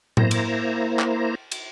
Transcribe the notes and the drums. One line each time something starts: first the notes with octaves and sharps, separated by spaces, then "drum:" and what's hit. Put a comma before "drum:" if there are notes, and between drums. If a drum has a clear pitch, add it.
A#3 E4 C5 A#5, drum: tom A2
drum: cymbal
drum: clap
drum: cymbal